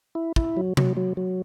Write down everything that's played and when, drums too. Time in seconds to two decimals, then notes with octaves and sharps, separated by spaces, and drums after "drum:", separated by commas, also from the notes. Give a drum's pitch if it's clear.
0.15 E4
0.36 E4, drum: kick
0.57 F#3
0.77 F#3, drum: tom C3
0.97 F#3
1.17 F#3